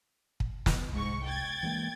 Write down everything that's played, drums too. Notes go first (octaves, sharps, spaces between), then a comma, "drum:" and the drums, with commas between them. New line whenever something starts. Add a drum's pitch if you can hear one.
drum: kick
drum: snare
C2 G#2 C#6
G5 G#6 A6
E3 G#3 A#3